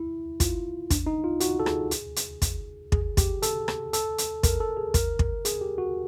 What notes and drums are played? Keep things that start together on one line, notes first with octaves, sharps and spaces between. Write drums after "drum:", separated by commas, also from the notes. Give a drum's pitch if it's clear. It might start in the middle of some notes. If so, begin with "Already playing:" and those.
Already playing: E4
F4, drum: kick, hi-hat
D4, drum: kick, hi-hat
D#4
F4
F#4, drum: hi-hat
A4
G#4, drum: rim click
drum: hi-hat
drum: hi-hat
drum: kick, hi-hat
G#4, drum: kick
G4, drum: kick, hi-hat
A4, drum: hi-hat
drum: rim click
A4, drum: hi-hat
drum: hi-hat
A#4, drum: kick, hi-hat
A4
G#4
A#4, drum: kick, hi-hat
drum: kick
G#4, drum: hi-hat
G4
F#4